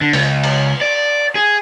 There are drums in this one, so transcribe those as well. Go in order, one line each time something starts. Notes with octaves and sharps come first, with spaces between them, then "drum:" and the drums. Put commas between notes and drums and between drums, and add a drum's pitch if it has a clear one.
D3
C#2, drum: open hi-hat
drum: cymbal
D5
G#4